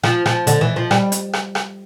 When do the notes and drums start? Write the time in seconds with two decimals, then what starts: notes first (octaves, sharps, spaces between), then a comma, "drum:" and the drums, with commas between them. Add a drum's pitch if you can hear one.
0.04 F3, drum: rim click
0.26 F3, drum: rim click
0.47 D3, drum: hi-hat
0.61 E3
0.76 F3
0.91 G3, drum: rim click
1.12 drum: hi-hat
1.33 drum: rim click
1.55 drum: rim click